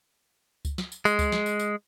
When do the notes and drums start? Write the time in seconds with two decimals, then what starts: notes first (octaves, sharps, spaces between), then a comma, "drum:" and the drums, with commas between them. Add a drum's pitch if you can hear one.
0.65 drum: kick C#2, tambourine
0.78 drum: snare
0.92 drum: tambourine
1.05 G#3, drum: tambourine
1.19 drum: kick C#2, tambourine
1.32 drum: snare
1.46 drum: tambourine
1.59 drum: tambourine